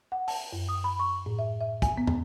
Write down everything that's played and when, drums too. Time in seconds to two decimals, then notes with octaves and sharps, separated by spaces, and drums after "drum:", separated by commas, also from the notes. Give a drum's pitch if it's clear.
0.12 F#5
0.28 A5, drum: open hi-hat
0.53 F#2
0.69 D#6
0.84 B5
1.00 C#6
1.26 A2
1.39 E5
1.61 E5
1.82 G#5, drum: kick, hi-hat
1.98 B3
2.07 drum: tom